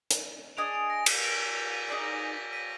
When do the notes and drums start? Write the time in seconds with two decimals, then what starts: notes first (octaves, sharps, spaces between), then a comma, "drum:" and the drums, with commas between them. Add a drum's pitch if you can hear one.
0.11 drum: hi-hat
0.57 D4 G#4 D#5 G#5 D7 F7
0.73 D7 F7
0.90 A#6 D7
1.06 B6 D#7, drum: cymbal
1.23 A#6 D7
1.56 D7 F7
1.72 B6 D#7
1.88 D#4 G#4 D5 B6
2.04 A#6
2.21 A#6
2.37 B6
2.53 B6 D#7